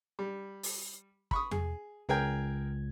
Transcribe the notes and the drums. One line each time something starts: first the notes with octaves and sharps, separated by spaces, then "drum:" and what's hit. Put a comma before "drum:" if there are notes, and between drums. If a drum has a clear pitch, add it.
G3
drum: open hi-hat
B5 C#6 D#6, drum: kick
G#4, drum: tom E2
C#2 G#4 A#4 G5 G#6